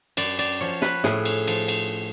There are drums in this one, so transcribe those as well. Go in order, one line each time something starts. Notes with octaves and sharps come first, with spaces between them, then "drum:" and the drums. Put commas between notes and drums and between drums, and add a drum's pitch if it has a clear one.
F#2 D5, drum: cymbal
D5, drum: cymbal
F3 C#5
B4, drum: snare
A2 G#4, drum: snare
drum: cymbal
F3, drum: cymbal
drum: cymbal